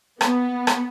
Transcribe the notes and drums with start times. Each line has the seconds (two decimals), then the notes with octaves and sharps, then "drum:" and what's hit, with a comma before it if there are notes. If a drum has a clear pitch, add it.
0.21 B3, drum: rim click
0.67 drum: rim click